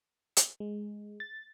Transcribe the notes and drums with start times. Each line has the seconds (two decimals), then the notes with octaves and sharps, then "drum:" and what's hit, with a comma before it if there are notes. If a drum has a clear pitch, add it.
0.37 drum: hi-hat
0.60 G#3
1.20 A6